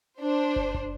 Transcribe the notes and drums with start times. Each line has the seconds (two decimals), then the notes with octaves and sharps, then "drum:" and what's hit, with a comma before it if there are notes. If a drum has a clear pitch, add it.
0.19 D4 C5
0.56 drum: kick
0.74 drum: kick